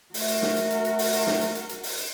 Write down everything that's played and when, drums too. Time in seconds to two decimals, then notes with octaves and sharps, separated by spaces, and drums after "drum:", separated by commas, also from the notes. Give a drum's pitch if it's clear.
0.14 A3 F#4 A#4, drum: open hi-hat
0.28 drum: hi-hat
0.42 drum: snare
0.56 drum: hi-hat
0.70 drum: hi-hat
0.85 drum: hi-hat
0.99 drum: open hi-hat
1.13 drum: hi-hat
1.27 drum: snare
1.41 drum: hi-hat
1.55 drum: hi-hat
1.69 drum: hi-hat
1.83 drum: open hi-hat
1.98 drum: hi-hat